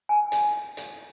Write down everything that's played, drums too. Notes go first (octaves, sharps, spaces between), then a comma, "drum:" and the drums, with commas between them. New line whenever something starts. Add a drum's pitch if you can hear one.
G#5
drum: hi-hat
drum: hi-hat